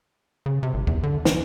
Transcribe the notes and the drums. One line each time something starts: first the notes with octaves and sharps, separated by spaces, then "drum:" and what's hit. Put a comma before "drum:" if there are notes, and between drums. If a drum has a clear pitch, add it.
C#3
C3
G#1
E2, drum: kick
D3
E3, drum: snare